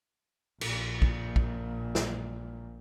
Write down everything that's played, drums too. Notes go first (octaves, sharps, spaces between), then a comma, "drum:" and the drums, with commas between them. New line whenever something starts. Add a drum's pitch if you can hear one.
A#1 A#2, drum: cymbal
drum: kick
drum: kick
drum: snare